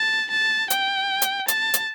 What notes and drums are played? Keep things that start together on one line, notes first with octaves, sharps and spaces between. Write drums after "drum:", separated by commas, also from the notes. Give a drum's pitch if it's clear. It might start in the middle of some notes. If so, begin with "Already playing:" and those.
Already playing: A5
A5
G5, drum: hi-hat
drum: hi-hat
A5, drum: hi-hat
drum: hi-hat